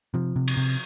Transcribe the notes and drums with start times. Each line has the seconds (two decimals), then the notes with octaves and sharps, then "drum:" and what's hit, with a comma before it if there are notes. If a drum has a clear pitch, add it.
0.14 C3 F3
0.36 C3
0.48 drum: cymbal
0.57 C3